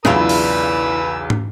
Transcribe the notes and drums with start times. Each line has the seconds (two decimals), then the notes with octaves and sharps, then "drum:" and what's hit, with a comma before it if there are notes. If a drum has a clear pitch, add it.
0.05 B1 E2 C#3 D4 E4 F4 B4 E6, drum: snare
0.29 drum: open hi-hat
1.30 drum: tom